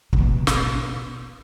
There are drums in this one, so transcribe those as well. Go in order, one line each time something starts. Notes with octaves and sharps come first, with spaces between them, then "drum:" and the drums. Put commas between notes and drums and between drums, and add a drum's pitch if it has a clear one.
C3, drum: kick
B2
drum: snare